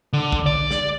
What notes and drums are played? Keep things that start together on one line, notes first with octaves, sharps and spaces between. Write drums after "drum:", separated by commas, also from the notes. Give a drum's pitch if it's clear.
D3
drum: kick A#1
D5
drum: snare